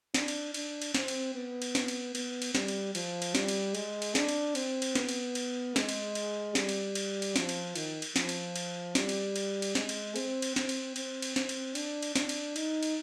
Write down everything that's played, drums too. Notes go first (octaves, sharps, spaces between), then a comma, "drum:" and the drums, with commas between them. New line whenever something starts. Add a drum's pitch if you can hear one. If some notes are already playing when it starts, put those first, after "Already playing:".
D4, drum: snare
drum: cymbal
D4, drum: cymbal
drum: cymbal
C4, drum: snare
drum: cymbal
B3
drum: cymbal
drum: snare
drum: cymbal
B3, drum: cymbal
drum: cymbal
G3, drum: snare
drum: cymbal
F3, drum: cymbal
drum: cymbal
G3, drum: snare
drum: cymbal
G#3, drum: cymbal
drum: cymbal
D4, drum: snare
drum: cymbal
C4, drum: cymbal
drum: cymbal
B3, drum: snare
drum: cymbal
drum: cymbal
G#3, drum: snare
drum: cymbal
drum: cymbal
G3, drum: snare
drum: cymbal
drum: cymbal
drum: cymbal
F3, drum: snare
drum: cymbal
D#3, drum: cymbal
drum: cymbal
F3, drum: snare
drum: cymbal
drum: cymbal
G3, drum: snare
drum: cymbal
drum: cymbal
drum: cymbal
G#3, drum: snare
drum: cymbal
C4, drum: cymbal
drum: cymbal
C4, drum: snare
drum: cymbal
C4, drum: cymbal
drum: cymbal
C4, drum: snare
drum: cymbal
D4, drum: cymbal
drum: cymbal
D4, drum: snare
drum: cymbal
D#4, drum: cymbal
drum: cymbal